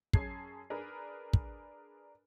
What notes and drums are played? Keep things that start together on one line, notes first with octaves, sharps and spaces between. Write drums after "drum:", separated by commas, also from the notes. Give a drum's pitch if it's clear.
F#2 C#4 G#4 A5 G#6 C7, drum: kick
D4 G#4 A#4 B4
drum: kick